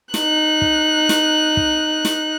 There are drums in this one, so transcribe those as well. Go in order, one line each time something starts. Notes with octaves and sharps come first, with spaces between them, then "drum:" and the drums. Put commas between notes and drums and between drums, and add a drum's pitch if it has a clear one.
D#4 F#6, drum: snare
drum: kick
drum: snare
drum: kick
drum: snare